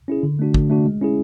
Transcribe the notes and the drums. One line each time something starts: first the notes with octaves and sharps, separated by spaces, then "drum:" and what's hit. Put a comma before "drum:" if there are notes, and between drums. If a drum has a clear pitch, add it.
C#4 E4 G#4
D3
A3 D4 F#4
D3, drum: kick
A3 D4 F#4
G#3
C#4 E4 G#4